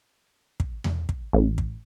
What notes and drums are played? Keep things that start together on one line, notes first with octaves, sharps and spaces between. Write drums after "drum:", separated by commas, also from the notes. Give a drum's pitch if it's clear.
drum: kick
drum: tom E2
drum: kick
A1
drum: kick